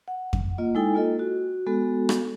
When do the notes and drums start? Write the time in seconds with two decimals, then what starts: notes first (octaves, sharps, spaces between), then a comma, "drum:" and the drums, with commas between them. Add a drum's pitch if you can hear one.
0.08 F#5
0.33 drum: kick F2
0.58 A#3 F4 D#5
0.75 G#3 D#4 E4 A4 G5 G#5
0.95 A#3 F4 A4 D#5
1.19 F#4
1.67 G#3 B3 F#4 A4
2.09 drum: rim click